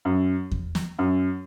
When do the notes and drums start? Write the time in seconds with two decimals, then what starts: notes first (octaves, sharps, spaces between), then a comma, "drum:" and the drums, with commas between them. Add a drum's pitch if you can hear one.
0.05 F#2
0.51 drum: kick E2
0.75 drum: snare
0.99 F#2